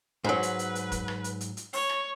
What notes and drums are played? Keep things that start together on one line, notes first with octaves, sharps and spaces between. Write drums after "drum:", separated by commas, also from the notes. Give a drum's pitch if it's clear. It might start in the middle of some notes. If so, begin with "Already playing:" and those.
G#2 F#3 B4
drum: hi-hat
drum: hi-hat
drum: hi-hat
drum: kick, hi-hat
drum: rim click
drum: hi-hat
drum: hi-hat
drum: hi-hat
C#5, drum: open hi-hat
drum: rim click